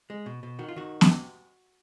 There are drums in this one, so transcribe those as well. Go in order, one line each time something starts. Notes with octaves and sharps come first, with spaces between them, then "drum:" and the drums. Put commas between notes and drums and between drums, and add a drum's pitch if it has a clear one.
G#3
B2
B2
D#3 F#4
F4
D#3 F#4
drum: snare B3